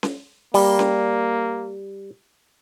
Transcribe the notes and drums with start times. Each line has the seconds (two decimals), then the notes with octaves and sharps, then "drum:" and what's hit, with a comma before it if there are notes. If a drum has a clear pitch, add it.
0.03 drum: snare C#4
0.54 G3 A#3, drum: open hi-hat
0.79 drum: snare C#4